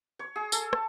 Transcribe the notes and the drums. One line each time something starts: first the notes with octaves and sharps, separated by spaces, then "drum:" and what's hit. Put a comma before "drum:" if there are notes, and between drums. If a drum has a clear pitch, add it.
C#5
G#4
A4, drum: tambourine
A5, drum: rim click